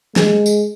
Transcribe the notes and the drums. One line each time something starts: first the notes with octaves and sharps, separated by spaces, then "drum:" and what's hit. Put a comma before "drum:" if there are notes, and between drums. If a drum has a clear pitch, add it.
G#3, drum: snare
drum: tambourine